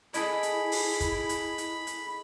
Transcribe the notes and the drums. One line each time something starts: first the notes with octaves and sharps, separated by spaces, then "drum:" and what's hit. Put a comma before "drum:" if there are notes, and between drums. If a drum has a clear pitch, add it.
E4 G#4 A4 D#5 B5, drum: hi-hat
drum: hi-hat
drum: open hi-hat
drum: kick, hi-hat
drum: hi-hat
drum: hi-hat
drum: hi-hat